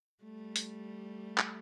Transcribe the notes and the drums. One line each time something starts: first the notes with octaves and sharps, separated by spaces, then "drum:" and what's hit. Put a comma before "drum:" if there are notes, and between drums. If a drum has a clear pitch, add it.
G3 A3
drum: hi-hat
drum: clap